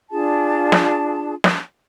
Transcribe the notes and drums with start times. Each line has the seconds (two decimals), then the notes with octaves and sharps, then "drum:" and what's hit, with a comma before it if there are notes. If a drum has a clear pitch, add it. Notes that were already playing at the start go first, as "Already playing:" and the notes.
0.11 D4 F4 G#4 A5
0.72 drum: snare
1.44 drum: snare